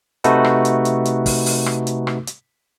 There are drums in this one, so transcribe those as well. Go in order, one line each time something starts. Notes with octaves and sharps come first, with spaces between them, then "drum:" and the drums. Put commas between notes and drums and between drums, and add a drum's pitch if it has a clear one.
C3 A3 D#4 F#4 A4 B4, drum: hi-hat
drum: rim click
drum: hi-hat
drum: hi-hat
drum: hi-hat
drum: kick, open hi-hat
drum: open hi-hat
drum: rim click
drum: hi-hat
drum: rim click
drum: hi-hat